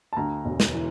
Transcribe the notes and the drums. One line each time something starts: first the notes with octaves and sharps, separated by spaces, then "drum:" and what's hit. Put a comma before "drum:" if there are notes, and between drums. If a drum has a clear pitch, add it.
A5
D2 A#5
E1
drum: snare
E3